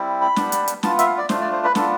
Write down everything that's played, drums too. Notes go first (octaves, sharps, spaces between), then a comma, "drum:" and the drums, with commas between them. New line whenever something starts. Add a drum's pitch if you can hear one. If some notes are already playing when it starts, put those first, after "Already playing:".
Already playing: G3 C4 E4
B5
G3 B3 D4, drum: snare
drum: hi-hat
drum: hi-hat
B3 F4 A5, drum: snare
E5, drum: hi-hat
F5
D5
A3 D4 F4 C5, drum: snare
D5
C5
B4
B3 D4 F4 A4, drum: snare